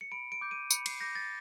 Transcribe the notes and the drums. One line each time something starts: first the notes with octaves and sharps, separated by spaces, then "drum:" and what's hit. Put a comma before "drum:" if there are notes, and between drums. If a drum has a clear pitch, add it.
C#7
B5 D7
D7
D6 G6
D#7
B5 C#7, drum: tambourine
C7, drum: cymbal
D6 G6 A#6
A6